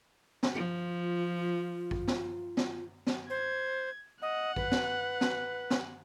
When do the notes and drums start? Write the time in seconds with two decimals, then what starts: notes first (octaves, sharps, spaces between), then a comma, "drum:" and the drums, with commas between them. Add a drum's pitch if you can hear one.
0.43 drum: snare
0.55 F3 F4
1.91 drum: kick A1
2.08 drum: snare
2.57 drum: snare
3.07 drum: snare
3.30 C5 G#6
4.22 D#5 F#5
4.56 B4, drum: kick A1
4.71 drum: snare
5.21 drum: snare
5.70 drum: snare